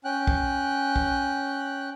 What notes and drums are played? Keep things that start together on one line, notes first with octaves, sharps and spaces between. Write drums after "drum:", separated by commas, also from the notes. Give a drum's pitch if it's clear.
C#4 G5 F#6
drum: kick
drum: kick